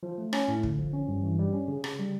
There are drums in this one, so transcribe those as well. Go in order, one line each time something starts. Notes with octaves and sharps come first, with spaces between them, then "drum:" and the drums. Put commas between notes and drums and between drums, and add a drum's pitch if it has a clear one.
F3
A3
C#4, drum: rim click
A2
D3, drum: kick
F3
C#4
G2
E3
G3
C#4
C#3
C#3, drum: rim click
G3